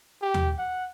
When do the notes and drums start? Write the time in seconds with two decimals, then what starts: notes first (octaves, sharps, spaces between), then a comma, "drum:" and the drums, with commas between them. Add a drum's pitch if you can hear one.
0.21 G4
0.34 drum: tom D#2
0.58 F#5